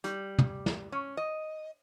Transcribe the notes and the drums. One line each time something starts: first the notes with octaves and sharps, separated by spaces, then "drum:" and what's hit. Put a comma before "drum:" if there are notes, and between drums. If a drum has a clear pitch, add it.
G3, drum: hi-hat
drum: tom
drum: snare
C#4
D#5